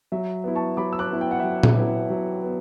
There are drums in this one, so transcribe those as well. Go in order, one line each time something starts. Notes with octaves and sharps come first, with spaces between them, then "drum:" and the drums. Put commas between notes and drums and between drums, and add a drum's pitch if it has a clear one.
F#3 E5
B3 E4
A5 C#6
F#3 B5 D6
E6
D6 F#6
B3 E4
G5
F#5
F#3 E5 G5
drum: tom A#2
B3 E4
F#3
B3